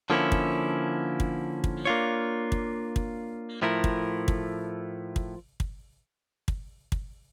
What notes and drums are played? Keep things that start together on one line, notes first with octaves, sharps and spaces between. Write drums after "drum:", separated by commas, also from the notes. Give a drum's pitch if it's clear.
D3 F3 A#3 C#4 E4
drum: kick
drum: kick
drum: kick
A#3 D4 F4 C#5
drum: kick
drum: kick
A2 F3 A3 E4 A#4
drum: kick
drum: kick
drum: kick
drum: kick
drum: kick
drum: kick